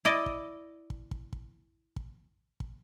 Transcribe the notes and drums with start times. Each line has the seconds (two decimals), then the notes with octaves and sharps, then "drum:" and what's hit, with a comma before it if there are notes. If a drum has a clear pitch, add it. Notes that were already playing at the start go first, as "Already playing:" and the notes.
0.05 E4 D5 D#5
0.26 drum: kick
0.90 drum: kick
1.11 drum: kick
1.33 drum: kick
1.96 drum: kick
2.60 drum: kick